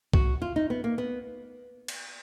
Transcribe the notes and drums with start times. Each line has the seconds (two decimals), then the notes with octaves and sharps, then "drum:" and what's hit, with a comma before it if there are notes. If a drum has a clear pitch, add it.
0.14 F#4, drum: kick C2
0.42 F4
0.56 D#4
0.70 B3
0.84 A#3
0.98 B3
1.88 drum: cymbal